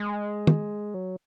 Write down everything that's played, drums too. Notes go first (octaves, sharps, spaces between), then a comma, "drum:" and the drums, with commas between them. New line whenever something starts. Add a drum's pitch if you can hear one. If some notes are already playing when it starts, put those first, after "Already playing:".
Already playing: G#3
drum: tom
F#3